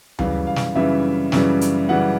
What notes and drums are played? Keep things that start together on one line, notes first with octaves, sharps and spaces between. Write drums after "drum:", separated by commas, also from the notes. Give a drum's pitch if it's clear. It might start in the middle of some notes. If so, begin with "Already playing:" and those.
F#2 C#3 E3 G3 F5, drum: tom D2
F5
drum: snare
F#2 C#3 E3 G3 E5
F#2 C#3 E3 G3, drum: snare
drum: hi-hat
F#2 C#3 E3 G3 F#5